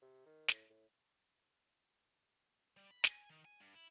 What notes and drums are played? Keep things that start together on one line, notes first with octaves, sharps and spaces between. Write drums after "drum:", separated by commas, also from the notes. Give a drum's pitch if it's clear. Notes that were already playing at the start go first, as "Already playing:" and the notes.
C3
D#3
A2, drum: snare
A2
G3
B5
G#5, drum: snare
D#3
G#5
G2
E4